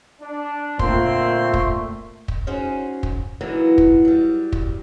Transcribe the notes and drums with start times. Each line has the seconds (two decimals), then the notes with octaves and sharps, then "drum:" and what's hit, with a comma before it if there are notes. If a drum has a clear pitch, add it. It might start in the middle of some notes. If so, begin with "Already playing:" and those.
0.21 D4
0.79 A#2 D3 A3 A#3 C4 C6, drum: kick
1.54 drum: kick
2.28 drum: kick
2.47 C#4 D#4 F#4 G#4 C5
3.03 drum: kick
3.41 E3 F#3 A#3 B3 D4 D#4
3.78 drum: kick
4.05 F#3 G3
4.52 drum: kick